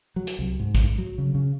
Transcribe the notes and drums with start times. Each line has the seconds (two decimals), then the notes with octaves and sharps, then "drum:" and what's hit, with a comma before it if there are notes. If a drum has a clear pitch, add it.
0.16 F#3
0.27 drum: hi-hat
0.39 C2
0.59 G#2
0.75 drum: kick A1, hi-hat
0.98 F#3
1.18 C#3
1.35 C#3